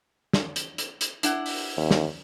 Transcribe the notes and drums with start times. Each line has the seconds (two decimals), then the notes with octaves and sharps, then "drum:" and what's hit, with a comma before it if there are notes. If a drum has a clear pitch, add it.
0.33 drum: snare
0.56 drum: hi-hat
0.78 drum: hi-hat
1.01 drum: hi-hat
1.23 D4 E4 F#5, drum: hi-hat
1.46 drum: open hi-hat
1.77 D#2
1.91 drum: snare